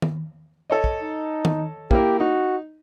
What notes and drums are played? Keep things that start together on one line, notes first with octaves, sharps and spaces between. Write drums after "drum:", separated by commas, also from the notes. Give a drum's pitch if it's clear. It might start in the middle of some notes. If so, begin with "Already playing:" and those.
drum: tom D#3
A4 C#5 D#5
drum: kick
D#4
drum: tom D#3
A#3 E4 G4 A#4, drum: kick
D#4 F#4